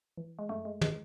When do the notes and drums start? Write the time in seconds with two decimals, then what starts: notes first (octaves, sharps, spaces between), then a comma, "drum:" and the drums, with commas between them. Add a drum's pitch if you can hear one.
0.17 E3
0.39 G#3
0.49 F#2 A3
0.65 G#3
0.81 C#3 E3 G#3, drum: tom